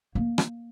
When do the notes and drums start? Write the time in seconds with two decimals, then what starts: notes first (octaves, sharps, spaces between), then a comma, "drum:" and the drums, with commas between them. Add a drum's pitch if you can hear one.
0.15 A#3
0.38 drum: rim click